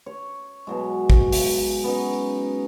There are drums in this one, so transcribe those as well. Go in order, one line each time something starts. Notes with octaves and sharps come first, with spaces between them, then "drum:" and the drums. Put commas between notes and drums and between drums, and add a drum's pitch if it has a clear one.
C#5
B2 F#3 G#3
drum: kick
drum: open hi-hat
B3 C#4 D#4